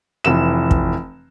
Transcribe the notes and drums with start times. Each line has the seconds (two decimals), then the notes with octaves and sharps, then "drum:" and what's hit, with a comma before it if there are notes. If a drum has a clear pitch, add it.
0.25 F1 E3 E7
0.71 drum: kick